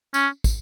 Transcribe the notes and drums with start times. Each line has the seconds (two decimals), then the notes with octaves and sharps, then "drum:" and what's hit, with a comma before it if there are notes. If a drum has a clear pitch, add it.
0.14 C#4, drum: tambourine
0.44 drum: kick, tambourine